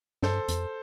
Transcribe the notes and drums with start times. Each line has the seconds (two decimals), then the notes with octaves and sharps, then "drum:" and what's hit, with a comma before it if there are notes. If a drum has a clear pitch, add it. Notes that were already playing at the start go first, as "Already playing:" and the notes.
0.23 G2 A4 C5, drum: snare
0.48 F2, drum: hi-hat